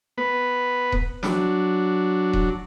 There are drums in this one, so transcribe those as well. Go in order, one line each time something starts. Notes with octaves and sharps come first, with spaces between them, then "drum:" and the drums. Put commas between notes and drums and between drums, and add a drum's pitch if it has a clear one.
B3 B4
drum: kick D#1
F#3 D4, drum: snare
drum: kick D#1